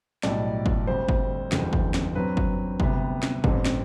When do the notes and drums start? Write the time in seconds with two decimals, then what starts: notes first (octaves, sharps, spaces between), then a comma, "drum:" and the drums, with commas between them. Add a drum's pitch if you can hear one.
0.23 B1 A2 G3 D5, drum: snare
0.66 drum: kick G1
0.87 D2 D3 G3 C4 C5
1.09 drum: kick G1
1.52 F#1 E2 D3 G3, drum: snare
1.73 drum: kick G1
1.94 drum: snare
2.15 G2 F#3 C4 B4
2.37 drum: kick G1
2.80 D2 C3 G3 B3, drum: kick G1
3.23 drum: snare
3.44 A1 G2 D3 G3 C4, drum: kick G1
3.65 drum: snare